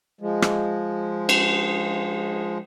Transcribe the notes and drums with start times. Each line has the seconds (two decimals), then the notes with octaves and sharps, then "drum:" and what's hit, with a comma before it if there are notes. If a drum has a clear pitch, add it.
0.21 F3 G#3
0.42 drum: rim click
1.29 drum: cymbal